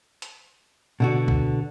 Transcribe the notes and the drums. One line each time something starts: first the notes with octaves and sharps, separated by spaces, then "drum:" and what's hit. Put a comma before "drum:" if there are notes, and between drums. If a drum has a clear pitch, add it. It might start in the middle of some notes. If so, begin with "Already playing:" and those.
drum: hi-hat
B2 D3 F#4
drum: kick